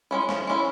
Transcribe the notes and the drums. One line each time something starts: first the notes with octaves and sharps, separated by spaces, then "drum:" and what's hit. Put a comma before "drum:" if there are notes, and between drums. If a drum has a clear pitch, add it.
G#3 C#4 E4
F3, drum: snare
G#3 C#4 E4